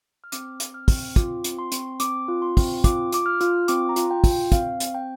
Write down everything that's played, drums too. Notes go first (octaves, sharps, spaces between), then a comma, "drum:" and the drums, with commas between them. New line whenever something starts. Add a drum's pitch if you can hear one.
F6
C4 D6, drum: hi-hat
C4, drum: hi-hat
F6
C4, drum: kick, open hi-hat
F4 D6, drum: kick, hi-hat
C4, drum: hi-hat
C6
C4, drum: hi-hat
C4 D6, drum: hi-hat
F4
C6
C4, drum: kick, open hi-hat
F4 D6, drum: kick, hi-hat
F4 D6, drum: hi-hat
F6
F4, drum: hi-hat
C4 D6, drum: hi-hat
A#5
F4, drum: hi-hat
G5
F4, drum: kick, open hi-hat
G5
C4 F5, drum: kick, hi-hat
C4, drum: hi-hat
G5